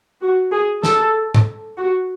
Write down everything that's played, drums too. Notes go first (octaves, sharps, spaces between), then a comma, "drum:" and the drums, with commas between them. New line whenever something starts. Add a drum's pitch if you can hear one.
F#4
G#4
A4, drum: snare
drum: tom G#2
F#4